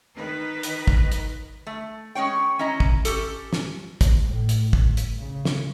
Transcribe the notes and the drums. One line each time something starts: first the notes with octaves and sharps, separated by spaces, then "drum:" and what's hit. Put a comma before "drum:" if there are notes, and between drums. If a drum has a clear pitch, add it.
D#3 B4
drum: hi-hat
drum: kick
drum: hi-hat
A3
G#3 C#4 C#5 G5
C#4 E4 D#5 A#5
drum: kick
C#4 G4 A4, drum: hi-hat
drum: snare
drum: kick, hi-hat
A2
drum: hi-hat
drum: kick
drum: hi-hat
C#3
drum: snare